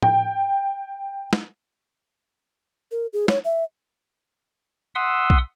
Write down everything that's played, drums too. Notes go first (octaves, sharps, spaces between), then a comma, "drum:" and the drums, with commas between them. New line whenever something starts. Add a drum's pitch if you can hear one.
G5, drum: tom A2
drum: snare
A#4
G#4
C#5, drum: snare
E5
E5 F#5 C6 D#6 E6
drum: kick B1